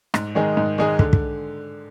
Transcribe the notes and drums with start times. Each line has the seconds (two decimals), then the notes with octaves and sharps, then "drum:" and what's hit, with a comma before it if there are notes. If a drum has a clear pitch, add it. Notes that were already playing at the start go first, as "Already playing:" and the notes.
0.14 G#2, drum: rim click
0.35 D#3 G#3 D#4 G#4
0.57 G#2
0.78 D#3 G#3 D#4 G#4
0.99 D3, drum: kick
1.13 drum: kick